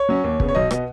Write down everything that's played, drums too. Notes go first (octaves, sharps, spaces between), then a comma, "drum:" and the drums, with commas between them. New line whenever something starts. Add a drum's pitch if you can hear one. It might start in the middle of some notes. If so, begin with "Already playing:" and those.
Already playing: C#5
F#3 C#4
D#2
C#3 B3, drum: kick
C#5
B1 D#5
B2 B3 D#5, drum: rim click